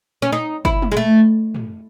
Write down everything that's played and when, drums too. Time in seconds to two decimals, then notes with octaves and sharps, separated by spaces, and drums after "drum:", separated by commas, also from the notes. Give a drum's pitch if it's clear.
0.22 C#4
0.33 D#4
0.65 E4, drum: kick
0.82 drum: tom
0.92 G#3
0.97 A3
1.55 drum: tom